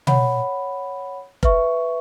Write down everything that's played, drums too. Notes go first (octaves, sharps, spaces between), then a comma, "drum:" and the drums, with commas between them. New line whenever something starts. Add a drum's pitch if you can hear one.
C#5 F#5 B5, drum: tom B2
B4 E5 C#6, drum: kick F1